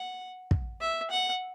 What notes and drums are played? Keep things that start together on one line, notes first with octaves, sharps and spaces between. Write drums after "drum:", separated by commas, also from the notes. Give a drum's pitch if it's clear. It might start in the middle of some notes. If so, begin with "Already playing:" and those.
Already playing: F#5
drum: kick
E5
F#5